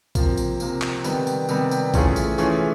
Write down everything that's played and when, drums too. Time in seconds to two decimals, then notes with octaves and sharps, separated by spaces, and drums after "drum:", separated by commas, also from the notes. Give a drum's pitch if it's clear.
0.15 C3 F3 A#3, drum: kick A#1, tambourine
0.37 drum: tambourine
0.60 C3 F3 A#3, drum: tambourine
0.82 drum: clap
1.04 C3 D#3 G3 B3, drum: tambourine
1.27 drum: tambourine
1.49 C3 D#3 G3 B3, drum: tambourine
1.71 drum: tambourine
1.94 E3 A3 C#4 F4 G#4, drum: kick A#1, tambourine
2.16 drum: tambourine
2.38 E3 A3 C#4 F4 G#4, drum: tambourine